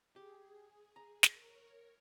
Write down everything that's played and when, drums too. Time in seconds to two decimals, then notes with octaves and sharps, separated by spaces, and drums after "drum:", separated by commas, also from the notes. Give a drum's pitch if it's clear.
0.16 G4 G#4
0.96 A#5
1.23 drum: snare
1.32 A#4 C#5